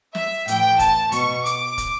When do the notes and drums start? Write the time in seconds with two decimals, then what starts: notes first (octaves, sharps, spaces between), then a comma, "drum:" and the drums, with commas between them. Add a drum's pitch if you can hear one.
0.15 E5, drum: snare
0.48 A2 E3 G5, drum: hi-hat
0.79 A5, drum: kick, hi-hat
1.12 B2 C#6, drum: hi-hat
1.46 D6, drum: hi-hat
1.78 drum: kick, hi-hat